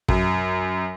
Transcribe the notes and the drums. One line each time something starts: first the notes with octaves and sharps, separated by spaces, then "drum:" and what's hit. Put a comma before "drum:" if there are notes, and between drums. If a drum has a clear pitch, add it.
F#2, drum: kick